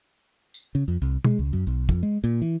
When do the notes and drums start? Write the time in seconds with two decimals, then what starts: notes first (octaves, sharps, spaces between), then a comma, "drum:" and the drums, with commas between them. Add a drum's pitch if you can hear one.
0.54 drum: tambourine
0.75 C#3
0.88 F2
1.02 C2
1.24 G#3, drum: tom B2
1.39 C#2
1.53 F#2
1.67 B1
1.89 F2, drum: kick
2.03 G#3
2.24 A#2
2.42 E3